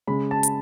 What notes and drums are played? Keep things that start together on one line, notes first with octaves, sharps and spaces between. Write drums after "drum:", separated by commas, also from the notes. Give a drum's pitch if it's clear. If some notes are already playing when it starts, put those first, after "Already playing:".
C#3 G#3 B5
A5
drum: hi-hat